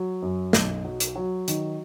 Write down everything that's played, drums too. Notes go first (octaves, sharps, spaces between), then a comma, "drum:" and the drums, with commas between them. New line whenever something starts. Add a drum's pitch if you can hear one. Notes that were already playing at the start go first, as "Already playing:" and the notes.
Already playing: F#3
F#2
B1, drum: snare
F#3
drum: hi-hat
F#3
D#3, drum: hi-hat